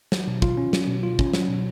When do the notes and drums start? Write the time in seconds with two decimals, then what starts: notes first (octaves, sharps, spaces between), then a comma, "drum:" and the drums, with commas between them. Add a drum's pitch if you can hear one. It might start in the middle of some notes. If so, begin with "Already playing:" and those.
0.12 F#3, drum: snare
0.28 B2
0.42 F4, drum: kick
0.57 C#4
0.73 F#3, drum: snare
0.88 B2
1.03 F4
1.19 C#4, drum: kick
1.33 F#3, drum: snare
1.49 B2